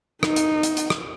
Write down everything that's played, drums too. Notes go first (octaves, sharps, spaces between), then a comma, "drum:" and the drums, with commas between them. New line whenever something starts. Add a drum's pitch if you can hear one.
D#4, drum: rim click
drum: hi-hat
drum: hi-hat
drum: hi-hat
drum: rim click